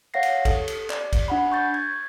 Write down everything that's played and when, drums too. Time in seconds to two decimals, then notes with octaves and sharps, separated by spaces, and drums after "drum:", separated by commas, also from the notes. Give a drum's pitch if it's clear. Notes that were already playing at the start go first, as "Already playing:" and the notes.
0.14 C#5 F5 F#5 A#6 C7
0.23 drum: cymbal
0.45 A4, drum: kick, cymbal
0.68 drum: cymbal
0.90 D5, drum: clap
1.13 drum: kick, cymbal
1.28 D4 F#5 B5
1.52 C#6 G6 A6
1.74 G#6